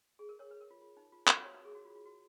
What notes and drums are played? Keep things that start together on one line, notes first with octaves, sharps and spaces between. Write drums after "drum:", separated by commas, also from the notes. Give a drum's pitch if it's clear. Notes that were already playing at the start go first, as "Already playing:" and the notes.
G#4
A#4
A#4 C#5
B4
A#4
F4
F4
D#4
F4
F#4, drum: clap
A#4 C#5
B4
G#4
F#4
F4
F4
F#4